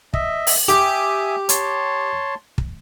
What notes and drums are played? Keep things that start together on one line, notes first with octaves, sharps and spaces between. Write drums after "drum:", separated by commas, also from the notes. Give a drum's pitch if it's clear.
D#5 E5, drum: kick
drum: open hi-hat
G4 E5 G#5 D#6
C#5 A5 C6, drum: hi-hat
drum: kick